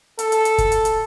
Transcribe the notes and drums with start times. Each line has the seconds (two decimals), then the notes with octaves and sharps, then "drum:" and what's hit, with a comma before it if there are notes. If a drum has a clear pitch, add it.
0.19 A4, drum: hi-hat
0.32 drum: hi-hat
0.45 drum: hi-hat
0.58 drum: kick, hi-hat
0.72 drum: hi-hat
0.85 drum: hi-hat